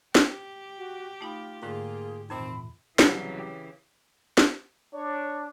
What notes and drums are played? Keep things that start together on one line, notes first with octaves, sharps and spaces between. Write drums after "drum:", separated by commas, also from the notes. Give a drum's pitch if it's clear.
G4, drum: snare
F#4
A3 D#4 F4 B5
G#2 D3 A3 A#3 F4 G#4
F2 A#2 D#3 E3 C4 B5
C2 C#3 E3 F#3 G3 G7, drum: snare
G4
drum: snare
D4 C#5